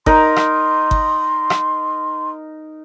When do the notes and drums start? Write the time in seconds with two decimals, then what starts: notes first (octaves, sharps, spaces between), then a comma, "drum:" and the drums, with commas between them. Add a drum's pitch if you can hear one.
0.06 D#4 A#4 C6, drum: kick G1
0.36 drum: rim click
0.91 drum: kick G1
1.50 drum: rim click